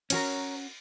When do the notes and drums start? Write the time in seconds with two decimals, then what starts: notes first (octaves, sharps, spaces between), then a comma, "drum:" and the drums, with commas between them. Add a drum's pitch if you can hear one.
0.10 C#4 F#4 A#4 C#5 G#5 A#5, drum: cymbal